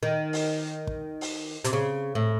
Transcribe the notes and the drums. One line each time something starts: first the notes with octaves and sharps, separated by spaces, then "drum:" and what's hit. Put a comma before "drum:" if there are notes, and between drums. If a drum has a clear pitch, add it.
D#3
drum: open hi-hat
drum: kick
drum: open hi-hat
C3, drum: hi-hat
C#3
A2